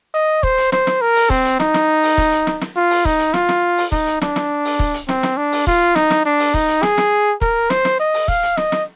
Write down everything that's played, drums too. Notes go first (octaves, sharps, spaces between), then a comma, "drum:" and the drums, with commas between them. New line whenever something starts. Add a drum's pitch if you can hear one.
D#5
C5, drum: kick
drum: hi-hat
C5, drum: snare
drum: snare
A#4
drum: open hi-hat
C4, drum: kick
drum: hi-hat
D#4, drum: snare
drum: snare
drum: open hi-hat
drum: kick
drum: hi-hat
drum: snare
drum: snare
F4
drum: open hi-hat
D#4, drum: kick
drum: hi-hat
F4, drum: snare
drum: snare
drum: open hi-hat
D#4, drum: kick
drum: hi-hat
D4, drum: snare
drum: snare
drum: open hi-hat
drum: kick
drum: hi-hat
C4, drum: snare
drum: snare
D4
drum: open hi-hat
F4, drum: kick
D#4, drum: snare
drum: snare
D4
drum: open hi-hat
D#4, drum: kick
drum: hi-hat
G#4, drum: snare
drum: snare
A#4, drum: kick
C5, drum: snare
drum: snare
D#5
drum: open hi-hat
F5, drum: kick
drum: hi-hat
D#5, drum: snare
drum: snare